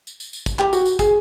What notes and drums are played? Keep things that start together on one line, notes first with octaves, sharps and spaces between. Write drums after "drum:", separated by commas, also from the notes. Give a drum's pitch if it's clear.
drum: tambourine
drum: tambourine
drum: tambourine
drum: kick, tambourine
G4, drum: clap
F#4, drum: tambourine
drum: tambourine
G#4, drum: kick, tambourine